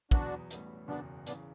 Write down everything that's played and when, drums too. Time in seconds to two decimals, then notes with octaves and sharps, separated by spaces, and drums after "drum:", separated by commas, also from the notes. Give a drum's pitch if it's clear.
0.11 E2 B2 F#3 B3 D4 F#4, drum: kick
0.51 A1 A2 G3 B3 F#4, drum: hi-hat
0.88 F#1 E2 B2 B3 D4
1.27 E2 C#3 E3 B3 D4, drum: hi-hat